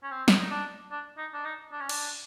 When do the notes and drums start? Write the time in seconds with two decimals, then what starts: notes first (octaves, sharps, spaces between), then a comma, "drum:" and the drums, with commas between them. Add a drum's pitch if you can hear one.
0.03 C#4
0.11 C4
0.28 drum: snare
0.40 D#4
0.51 D4
0.92 D4
1.18 D#4
1.34 D4
1.45 D#4
1.72 D4
1.81 C#4
1.89 D4, drum: cymbal